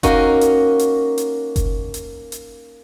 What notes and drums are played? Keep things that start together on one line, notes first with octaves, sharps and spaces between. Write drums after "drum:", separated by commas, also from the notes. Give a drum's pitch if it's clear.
A#3 C#4 D#4 F#4, drum: kick F#1, hi-hat
drum: hi-hat
drum: hi-hat
drum: hi-hat
drum: kick F#1, hi-hat
drum: hi-hat
drum: hi-hat